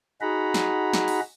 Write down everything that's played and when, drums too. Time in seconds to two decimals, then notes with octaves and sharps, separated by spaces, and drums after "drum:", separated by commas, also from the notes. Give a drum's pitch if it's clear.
0.21 D#4 F#4 G#4 F#5 A#5 B5
0.54 drum: snare
0.93 drum: snare
1.08 drum: open hi-hat